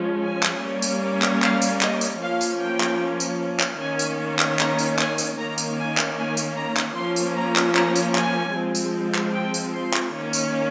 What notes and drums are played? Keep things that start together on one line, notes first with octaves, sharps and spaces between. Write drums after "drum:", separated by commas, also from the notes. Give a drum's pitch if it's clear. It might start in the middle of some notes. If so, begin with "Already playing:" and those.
Already playing: F3 G#3 C#4
G#5
drum: clap
G3 A#3 C#4
drum: tambourine
drum: clap
F5, drum: clap
drum: tambourine
D#5, drum: clap
drum: tambourine
F3 A#3 C#4 F5
drum: tambourine
G5
drum: clap
drum: tambourine
drum: clap
D#3 A#3 C#4 G#5
drum: tambourine
drum: clap
A#5, drum: clap
drum: tambourine
G#5, drum: clap
drum: tambourine
D#3 A#3 C#4 A#5
drum: tambourine
G#5
drum: clap
G#5
drum: tambourine
A#5
drum: clap
F3 A#3 C#4 C6
drum: tambourine
A#5
drum: clap
A#5, drum: clap
drum: tambourine
G#5, drum: clap
F3 G#3 C4
drum: tambourine
drum: clap
G5
drum: tambourine
C6
drum: clap
D#3 A#3 C#4
drum: tambourine